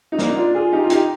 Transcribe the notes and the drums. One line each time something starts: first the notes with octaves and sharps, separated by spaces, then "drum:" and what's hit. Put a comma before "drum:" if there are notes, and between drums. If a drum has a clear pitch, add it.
D#4
A#3 D4, drum: snare
D#4
D4 F4
F4 G#4
D#4 G4
F4
D#4 G4, drum: hi-hat